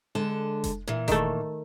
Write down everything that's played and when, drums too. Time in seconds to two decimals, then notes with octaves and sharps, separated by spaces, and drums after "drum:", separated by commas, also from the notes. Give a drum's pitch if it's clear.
0.15 D3 G#3 A5
0.64 drum: kick F1, hi-hat
0.88 A#2 E3
1.08 D#3 A3, drum: kick F1, hi-hat